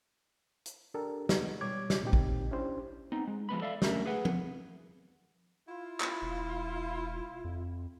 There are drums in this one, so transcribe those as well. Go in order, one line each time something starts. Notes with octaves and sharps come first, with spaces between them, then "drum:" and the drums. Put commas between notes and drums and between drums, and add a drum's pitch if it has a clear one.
drum: hi-hat
D4 G4 A4 A#4
F3 F#3 G#3 B3 D#4, drum: snare
B2 G3 C#5 D6 G#6
drum: snare
A#2 C4 D#4 G4
drum: kick A1
C#4 D4 E4 G4 C5
B3 C4 D#4
G#3
F3 G#3 B3 B5
A4 D5 E5 F5
F#3 A3 C#4 D4 A#4 E5, drum: snare
G#4 B4 F#5
drum: tom F3
E4 F4
drum: clap
E1
F2